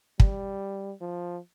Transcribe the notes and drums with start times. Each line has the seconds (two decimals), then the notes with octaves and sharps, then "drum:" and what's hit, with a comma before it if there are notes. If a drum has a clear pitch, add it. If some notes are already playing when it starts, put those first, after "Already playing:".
0.20 G3, drum: kick
1.01 F3